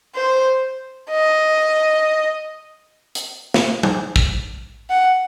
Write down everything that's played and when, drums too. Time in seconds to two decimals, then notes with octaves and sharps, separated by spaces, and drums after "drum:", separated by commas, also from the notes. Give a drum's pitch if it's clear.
0.15 C5
1.10 D#5
3.15 drum: hi-hat
3.54 drum: snare
3.83 drum: tom F#3
4.16 drum: kick
4.90 F#5